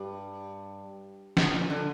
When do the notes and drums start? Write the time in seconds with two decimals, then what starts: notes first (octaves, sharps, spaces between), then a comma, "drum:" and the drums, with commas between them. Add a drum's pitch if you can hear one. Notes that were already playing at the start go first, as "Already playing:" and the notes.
Already playing: G2
1.37 drum: snare
1.55 A#2
1.70 D3